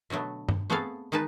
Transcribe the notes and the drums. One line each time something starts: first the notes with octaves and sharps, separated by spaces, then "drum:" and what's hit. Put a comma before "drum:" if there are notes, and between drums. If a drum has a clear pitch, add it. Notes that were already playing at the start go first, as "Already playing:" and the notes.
B2 D3 F#3 A3 B3
drum: tom G2
A3 B3 C4 G#4 A4 F5
D#3 G#3 D#4 B4 A5